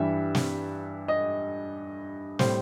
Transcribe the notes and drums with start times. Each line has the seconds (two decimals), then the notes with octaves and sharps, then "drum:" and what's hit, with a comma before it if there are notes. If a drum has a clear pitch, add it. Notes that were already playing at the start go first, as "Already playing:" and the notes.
Already playing: G2 E3 G3 E5
0.35 drum: snare
1.08 D#5
2.39 A2 G3 C5, drum: snare